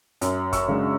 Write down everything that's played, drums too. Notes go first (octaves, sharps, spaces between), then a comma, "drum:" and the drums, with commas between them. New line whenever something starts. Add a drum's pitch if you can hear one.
F#2, drum: hi-hat
C#6 E6, drum: kick, hi-hat
C#3 G#3 D4